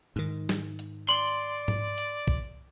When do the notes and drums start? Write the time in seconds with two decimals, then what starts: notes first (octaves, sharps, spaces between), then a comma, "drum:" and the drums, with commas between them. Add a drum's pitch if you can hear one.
0.16 G#2 D#3
0.49 drum: snare
0.79 drum: hi-hat
1.09 D5 C6 F#7
1.68 drum: tom G#2
1.98 drum: hi-hat
2.27 drum: kick